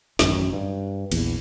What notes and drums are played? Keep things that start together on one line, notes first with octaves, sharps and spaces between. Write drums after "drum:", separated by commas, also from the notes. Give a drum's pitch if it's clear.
A1 F#2 D#3, drum: snare
G2
A#1 E2, drum: cymbal